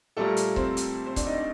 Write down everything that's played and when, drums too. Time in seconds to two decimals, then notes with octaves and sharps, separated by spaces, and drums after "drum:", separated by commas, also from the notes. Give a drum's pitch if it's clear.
0.17 A#2 G3 A3 A#3 A4
0.37 drum: hi-hat
0.56 C4 C5, drum: kick C#1
0.77 drum: hi-hat
1.06 C4 C5
1.16 D4 D5, drum: kick C#1, hi-hat
1.26 D#4 D#5
1.37 D4 D5